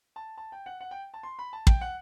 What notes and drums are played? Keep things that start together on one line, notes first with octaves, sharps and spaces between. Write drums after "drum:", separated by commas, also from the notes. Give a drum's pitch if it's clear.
A5
A5
G5
F#5
F#5
G5
A5
C6
B5
A5
G5, drum: kick
F#5